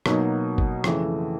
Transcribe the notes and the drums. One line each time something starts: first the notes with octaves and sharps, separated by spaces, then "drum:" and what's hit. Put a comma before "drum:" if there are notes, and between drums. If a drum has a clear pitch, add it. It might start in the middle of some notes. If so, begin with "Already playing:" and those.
B2 F#3 A#3 D#4, drum: rim click
drum: kick G1
F2 C#3 E3 A3, drum: rim click